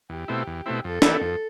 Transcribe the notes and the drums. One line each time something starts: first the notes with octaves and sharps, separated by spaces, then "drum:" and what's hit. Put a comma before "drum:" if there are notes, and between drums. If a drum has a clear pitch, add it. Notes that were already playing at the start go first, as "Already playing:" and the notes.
E2 G4
B2 A3 C4 E4
E2
B2 A3 C4 E4
F2 A4
E3 B3 E4 G4, drum: snare
F2